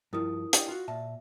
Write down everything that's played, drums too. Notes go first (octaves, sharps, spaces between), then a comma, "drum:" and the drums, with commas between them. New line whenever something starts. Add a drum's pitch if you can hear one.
G2 F3 E4 A#4 D#6
D4 G4 D#5, drum: hi-hat
F4 F#4
A#2 E5 A5